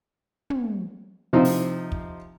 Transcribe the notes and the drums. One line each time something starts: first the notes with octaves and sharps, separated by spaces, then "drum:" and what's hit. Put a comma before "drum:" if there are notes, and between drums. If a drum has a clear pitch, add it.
drum: tom
C3 F3 C4 D#4
drum: open hi-hat
drum: kick